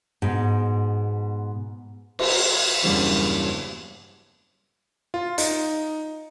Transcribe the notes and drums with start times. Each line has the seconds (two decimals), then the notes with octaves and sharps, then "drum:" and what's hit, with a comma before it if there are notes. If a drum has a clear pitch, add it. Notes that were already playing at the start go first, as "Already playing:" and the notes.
0.22 G#2 B2
2.19 drum: cymbal
2.83 E2 G2 A#2 C#3 F#3 A#3
5.14 F4
5.38 D#4, drum: hi-hat